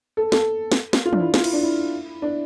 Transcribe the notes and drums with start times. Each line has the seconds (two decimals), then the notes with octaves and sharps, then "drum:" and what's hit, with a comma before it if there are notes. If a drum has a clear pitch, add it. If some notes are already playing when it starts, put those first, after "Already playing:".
0.17 A4
0.32 A4, drum: snare
0.72 drum: snare
0.93 drum: snare
1.06 F4
1.13 D4, drum: tom
1.20 E4
1.34 F4, drum: snare
1.44 E4, drum: cymbal
1.53 D4
1.63 E4
2.22 D4